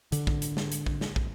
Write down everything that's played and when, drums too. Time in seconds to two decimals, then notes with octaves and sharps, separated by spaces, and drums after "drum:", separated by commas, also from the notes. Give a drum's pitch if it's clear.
0.12 D3, drum: hi-hat
0.27 drum: kick
0.42 drum: hi-hat
0.57 drum: snare
0.72 drum: hi-hat
0.86 drum: kick
1.01 drum: snare
1.16 drum: kick